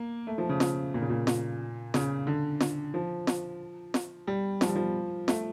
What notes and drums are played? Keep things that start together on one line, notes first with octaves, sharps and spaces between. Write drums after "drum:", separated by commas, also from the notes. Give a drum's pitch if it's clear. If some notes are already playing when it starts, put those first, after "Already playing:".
Already playing: A#3
A3
F3
C#3
drum: snare
A#2
C#3
A#2
drum: snare
C#3, drum: snare
D3
drum: snare
F3
drum: snare
drum: snare
G3
F3, drum: snare
G3
F3
A3, drum: snare